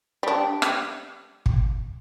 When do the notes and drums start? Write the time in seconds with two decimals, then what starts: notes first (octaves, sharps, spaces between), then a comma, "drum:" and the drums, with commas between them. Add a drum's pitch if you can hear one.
0.23 G3 D4
0.62 drum: rim click
1.46 drum: kick